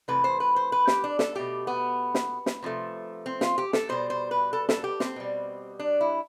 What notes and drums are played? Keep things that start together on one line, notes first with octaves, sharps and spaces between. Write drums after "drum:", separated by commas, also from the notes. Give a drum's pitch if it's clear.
C3 E3 A3 B4
C5
B4
C5
B4
G4, drum: snare
D4
A4, drum: snare
B2 A3 G4
B3
drum: snare
drum: snare
C3 F3 A3
C4
F4, drum: snare
G4
A4, drum: snare
B2 G3 C5
C5
B4
A4
A4, drum: snare
G4
C4, drum: snare
B2 G3
D4
E4